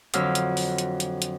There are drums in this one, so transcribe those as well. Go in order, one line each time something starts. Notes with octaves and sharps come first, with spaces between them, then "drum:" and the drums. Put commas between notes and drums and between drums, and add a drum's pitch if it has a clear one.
F2 D3 F#3 F4 E6 F6, drum: hi-hat
drum: hi-hat
drum: open hi-hat
drum: hi-hat
drum: hi-hat
drum: hi-hat